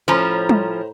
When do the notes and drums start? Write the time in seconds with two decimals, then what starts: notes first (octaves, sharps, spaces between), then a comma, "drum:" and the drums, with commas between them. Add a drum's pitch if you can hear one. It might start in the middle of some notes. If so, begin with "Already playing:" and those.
0.08 A2 F3 C#4 C5 A#5 B5
0.49 drum: tom G3